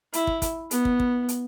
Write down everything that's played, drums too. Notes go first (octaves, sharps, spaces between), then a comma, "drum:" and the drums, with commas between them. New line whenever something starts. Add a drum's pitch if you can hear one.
E4, drum: hi-hat
drum: kick
drum: kick, hi-hat
B3, drum: hi-hat
drum: kick
drum: kick
drum: hi-hat